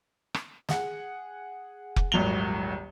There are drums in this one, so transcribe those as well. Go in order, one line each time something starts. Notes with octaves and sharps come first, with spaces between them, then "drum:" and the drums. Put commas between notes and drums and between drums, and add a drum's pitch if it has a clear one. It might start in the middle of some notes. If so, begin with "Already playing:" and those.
drum: rim click
G#4 F#5, drum: snare
drum: kick F1
D#1 G#1 F#3 F7 G7